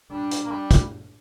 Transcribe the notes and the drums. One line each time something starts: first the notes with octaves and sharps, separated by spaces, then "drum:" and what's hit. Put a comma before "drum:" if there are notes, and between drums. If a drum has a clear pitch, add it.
G3 D4
drum: hi-hat
A#3
G3
drum: kick, hi-hat